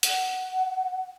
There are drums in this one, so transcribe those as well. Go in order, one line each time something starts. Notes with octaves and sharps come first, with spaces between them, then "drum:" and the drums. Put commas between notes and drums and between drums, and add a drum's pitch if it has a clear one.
F#5, drum: hi-hat